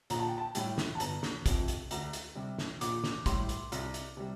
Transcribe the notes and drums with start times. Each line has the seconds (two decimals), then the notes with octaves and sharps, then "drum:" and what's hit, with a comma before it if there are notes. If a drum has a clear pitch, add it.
0.10 A#1 A#5, drum: hi-hat
0.19 A5
0.29 G5
0.38 A5
0.55 A2 G3 G5, drum: hi-hat
0.78 drum: snare
0.95 A5
1.00 G1 A#5, drum: hi-hat
1.23 drum: snare
1.46 F2 C3, drum: kick, hi-hat
1.68 drum: hi-hat
1.91 D2 A#5, drum: hi-hat
2.13 drum: hi-hat
2.35 C3 G3
2.58 drum: snare
2.81 A#1 D6, drum: hi-hat
3.04 drum: snare
3.26 A2 G3 C6, drum: kick, hi-hat
3.49 drum: hi-hat
3.72 C2, drum: hi-hat
3.94 drum: hi-hat
4.17 C3 G3